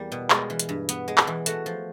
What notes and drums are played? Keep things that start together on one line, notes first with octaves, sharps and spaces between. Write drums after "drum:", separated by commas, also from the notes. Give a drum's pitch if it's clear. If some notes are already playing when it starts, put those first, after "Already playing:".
Already playing: E2 G3 A#3
B2
G#3 F4, drum: clap
E3
drum: hi-hat
G2
B3, drum: hi-hat
G#3
drum: clap
E3
A3 F#4, drum: hi-hat
F3